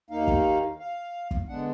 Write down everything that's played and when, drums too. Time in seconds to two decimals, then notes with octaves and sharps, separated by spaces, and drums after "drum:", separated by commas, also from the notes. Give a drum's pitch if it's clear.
0.10 D#2 D#3 A#3 D#4 F5
0.28 drum: kick
0.80 F5
1.31 drum: kick
1.48 D3 G#3 B3 D4 F#5